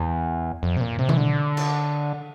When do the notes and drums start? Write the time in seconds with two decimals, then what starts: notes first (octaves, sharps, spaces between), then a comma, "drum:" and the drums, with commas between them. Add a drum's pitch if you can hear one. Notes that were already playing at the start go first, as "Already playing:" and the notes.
Already playing: E2
0.63 F2
0.77 C3
0.81 A#2
0.99 C3
1.09 E3, drum: tom B2
1.17 D3
1.57 drum: cymbal